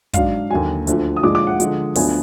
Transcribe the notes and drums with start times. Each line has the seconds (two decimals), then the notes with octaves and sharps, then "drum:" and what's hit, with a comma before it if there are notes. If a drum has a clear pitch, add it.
0.13 G#2 F#3 D4 F5, drum: kick, hi-hat
0.50 D#2 D3 F#3 G#5
0.87 D2 D3 F3, drum: hi-hat
1.16 D#6
1.23 A#2 F3 G#3 D4 D6
1.35 D6
1.47 F#5
1.60 D3 F3 G#3, drum: hi-hat
1.95 D2 D3 F3 B3 D4 G#5, drum: open hi-hat